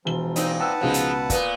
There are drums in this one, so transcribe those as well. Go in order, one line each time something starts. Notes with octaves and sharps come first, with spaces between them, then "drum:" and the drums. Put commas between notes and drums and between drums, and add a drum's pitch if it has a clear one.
E1 F3 G7
A#2 C4 D#4, drum: hi-hat
B4 F#5 G5 A5 E6
C#2 B2 F3 G#3 D#4
drum: hi-hat
A#2 B3, drum: kick, hi-hat